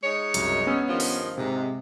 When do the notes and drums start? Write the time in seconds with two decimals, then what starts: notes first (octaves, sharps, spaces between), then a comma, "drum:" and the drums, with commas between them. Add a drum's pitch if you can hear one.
0.03 G#3 D#4 C#5
0.34 C2 F#2, drum: hi-hat
0.67 B3 C#4 E6
0.89 G2 D#3 F3
1.00 drum: open hi-hat
1.38 G#2 C3